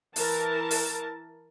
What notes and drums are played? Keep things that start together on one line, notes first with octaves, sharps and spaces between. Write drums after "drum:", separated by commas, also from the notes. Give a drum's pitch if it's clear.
E3 A#4 A5, drum: open hi-hat
drum: open hi-hat